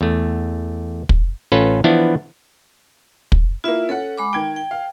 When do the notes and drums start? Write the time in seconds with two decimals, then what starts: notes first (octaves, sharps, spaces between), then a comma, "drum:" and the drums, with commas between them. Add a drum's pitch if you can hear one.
0.01 E2 A3
1.09 drum: kick
1.52 A1 C#4 F4 A4 B4
1.84 E3 F3 B3 D4 E4
3.32 drum: kick
3.64 A#3 E4 F4 E5
3.89 C#4 A4 F#5
4.18 G#3 B5 D6
4.33 D#3 G5 G#6 D7
4.56 G5
4.71 F5